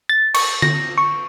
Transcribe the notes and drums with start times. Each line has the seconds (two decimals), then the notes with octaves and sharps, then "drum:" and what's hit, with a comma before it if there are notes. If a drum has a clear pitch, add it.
0.09 A6
0.34 C#6, drum: cymbal
0.62 A#6, drum: tom D3
0.98 C#6